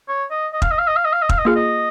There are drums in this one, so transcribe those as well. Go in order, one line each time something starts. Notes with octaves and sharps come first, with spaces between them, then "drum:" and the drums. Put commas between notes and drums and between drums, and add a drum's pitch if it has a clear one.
C#5
D#5
D#5
F5, drum: kick
D#5
F5
D#5
F5
D#5
F5
D#5
F5, drum: kick
D#5
A#3 F4 G#4 F5
D#5